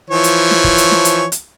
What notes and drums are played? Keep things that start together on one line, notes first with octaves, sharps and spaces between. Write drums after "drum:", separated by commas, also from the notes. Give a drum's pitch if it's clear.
E3 F3 C#5
drum: hi-hat
drum: snare
drum: kick
drum: hi-hat
drum: snare
drum: hi-hat
drum: hi-hat